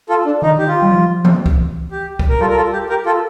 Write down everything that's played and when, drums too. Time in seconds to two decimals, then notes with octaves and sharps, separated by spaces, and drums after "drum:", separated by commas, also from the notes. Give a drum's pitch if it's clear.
0.09 F4 A4
0.25 D4
0.42 D#3 D#4
0.58 G4
0.67 F4
0.82 G3
0.91 F3
1.25 drum: tom E3
1.46 drum: kick
1.91 G4
2.19 drum: kick
2.29 A#4
2.40 G3 F4 A4
2.50 A#4
2.56 F4 A4
2.73 G4
2.89 G4 A#4
3.06 F4 A4